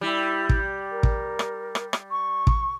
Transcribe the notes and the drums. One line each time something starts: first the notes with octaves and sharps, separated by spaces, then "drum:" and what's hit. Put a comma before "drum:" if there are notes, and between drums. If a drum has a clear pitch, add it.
G3 E4
drum: kick
A#4
drum: kick
drum: rim click
drum: rim click
drum: rim click
C#6
drum: kick